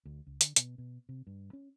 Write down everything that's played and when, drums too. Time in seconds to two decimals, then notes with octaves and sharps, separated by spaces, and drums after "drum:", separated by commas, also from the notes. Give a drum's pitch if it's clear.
0.05 D2
0.27 C#2
0.41 D3, drum: hi-hat
0.56 B2, drum: hi-hat
0.78 B2
1.09 C3
1.27 G2
1.53 C#4